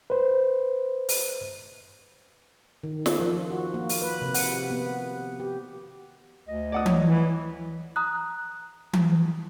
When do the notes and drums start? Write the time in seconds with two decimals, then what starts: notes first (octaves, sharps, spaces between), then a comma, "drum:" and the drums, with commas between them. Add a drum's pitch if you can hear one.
0.10 B4 C5
1.09 drum: open hi-hat
2.83 D#3
3.06 drum: snare
3.19 F3
3.50 F#4
3.74 A#3
3.89 drum: open hi-hat
4.02 B4
4.22 C3
4.34 F#5, drum: open hi-hat
4.71 B3
5.40 G4
6.48 D2 D#5
6.72 D5 F#5 D#6
6.86 C#5, drum: tom E3
7.07 E3 E4
7.96 A#5 D#6 F#6
8.93 drum: tom E3